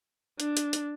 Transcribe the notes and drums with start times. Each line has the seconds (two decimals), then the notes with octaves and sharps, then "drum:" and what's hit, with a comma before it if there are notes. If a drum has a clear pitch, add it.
0.40 D4, drum: hi-hat
0.57 drum: hi-hat
0.73 drum: hi-hat